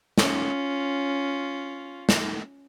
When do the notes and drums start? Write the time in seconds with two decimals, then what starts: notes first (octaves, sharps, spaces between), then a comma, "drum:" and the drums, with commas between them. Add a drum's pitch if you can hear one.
0.18 C#4 F4, drum: snare
2.09 drum: snare